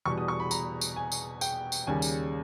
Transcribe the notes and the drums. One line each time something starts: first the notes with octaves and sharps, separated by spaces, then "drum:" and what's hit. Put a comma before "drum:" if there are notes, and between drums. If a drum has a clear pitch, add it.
E2 B2 G3 C#6
D#6
C#6
B5
A#5, drum: tambourine
drum: tambourine
G#5
drum: tambourine
G5, drum: tambourine
drum: tambourine
D#2 C#3 G3 G#5
drum: tambourine